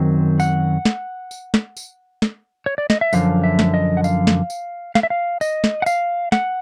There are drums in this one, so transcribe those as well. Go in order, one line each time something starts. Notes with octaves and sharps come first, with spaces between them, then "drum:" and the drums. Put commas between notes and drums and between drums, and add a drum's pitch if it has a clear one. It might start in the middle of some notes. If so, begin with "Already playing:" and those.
Already playing: F#2 D#3 F#3 C4 C5
F#5, drum: tambourine
drum: snare
drum: tambourine
drum: snare
drum: tambourine
drum: snare
C#5
D5
D#5, drum: snare
E5
F#2 D3 F3 F5, drum: tambourine
E5
drum: snare
D#5
F#5
F5, drum: tambourine
drum: snare
drum: tambourine
F5, drum: snare
E5
F5
D#5, drum: tambourine
drum: snare
F#5
F5, drum: tambourine
F#5, drum: snare